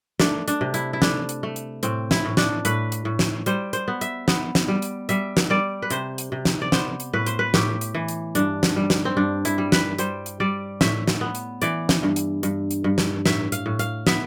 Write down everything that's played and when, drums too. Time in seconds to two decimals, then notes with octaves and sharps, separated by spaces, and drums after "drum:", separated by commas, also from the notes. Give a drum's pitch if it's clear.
0.20 A3 D4, drum: snare
0.48 D4, drum: hi-hat
0.61 C3
0.74 E4, drum: hi-hat
0.93 E4
1.02 A3 D4, drum: snare
1.29 drum: hi-hat
1.43 A3
1.56 drum: hi-hat
1.83 A2 C4, drum: hi-hat
2.11 E4, drum: snare
2.25 A2
2.37 D4, drum: snare
2.65 A2 B4, drum: hi-hat
2.92 drum: hi-hat
3.05 A2
3.19 drum: snare
3.46 G3 C5, drum: hi-hat
3.73 C5, drum: hi-hat
3.88 B3
4.01 E5, drum: hi-hat
4.28 B3, drum: snare
4.55 drum: snare
4.68 G3
4.82 drum: hi-hat
5.09 G3 E5, drum: hi-hat
5.37 drum: snare
5.50 G3 D5
5.82 B4
5.90 C3 C5, drum: hi-hat
6.18 drum: hi-hat
6.32 C3
6.45 drum: snare
6.62 D5
6.72 B3 C5, drum: snare
7.00 drum: hi-hat
7.13 A2 B4
7.26 C5, drum: hi-hat
7.39 B4
7.54 A2 G4, drum: snare
7.81 drum: hi-hat
7.94 E3
8.08 drum: hi-hat
8.35 G2 D4, drum: hi-hat
8.63 drum: snare
8.76 G3
8.90 drum: snare
9.05 C4
9.17 G2 D4
9.45 E4, drum: hi-hat
9.58 G3
9.72 B4, drum: snare
9.98 G3 C5, drum: hi-hat
10.26 drum: hi-hat
10.40 G3 D5
10.81 A2 E5, drum: snare
11.08 drum: snare
11.21 B3
11.35 drum: hi-hat
11.62 E3 D5, drum: hi-hat
11.89 drum: snare
12.03 G2
12.16 drum: hi-hat
12.43 G2, drum: hi-hat
12.71 drum: hi-hat
12.84 G2
12.98 drum: snare
13.26 A2 E5, drum: snare
13.52 F5, drum: hi-hat
13.66 A2
13.79 F5, drum: hi-hat
14.07 B3 E5, drum: snare